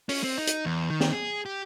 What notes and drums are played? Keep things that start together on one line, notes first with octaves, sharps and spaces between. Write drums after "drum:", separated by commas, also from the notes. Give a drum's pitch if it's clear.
C#4, drum: open hi-hat
C4
D#4
drum: hi-hat
E2
D#3
drum: snare
G#4
G4